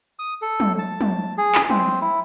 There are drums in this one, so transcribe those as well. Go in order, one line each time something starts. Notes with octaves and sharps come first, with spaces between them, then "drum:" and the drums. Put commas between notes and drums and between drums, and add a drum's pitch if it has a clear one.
D#6
A4
drum: tom
A5
drum: tom
G#4
drum: clap
C4, drum: tom
E4